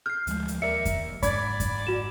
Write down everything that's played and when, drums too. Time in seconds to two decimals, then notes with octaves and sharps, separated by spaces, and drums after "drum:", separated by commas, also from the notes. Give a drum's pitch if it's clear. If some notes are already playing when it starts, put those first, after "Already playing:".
0.06 F6 G6 C7
0.27 D2 F3 G#3, drum: hi-hat
0.48 drum: hi-hat
0.62 D#2 A#4 D5 E5 C#7
0.85 drum: kick F2, hi-hat
1.23 G#2 D5 B5 G#6, drum: kick F2, hi-hat
1.60 drum: kick F2, hi-hat
1.87 F#4 E7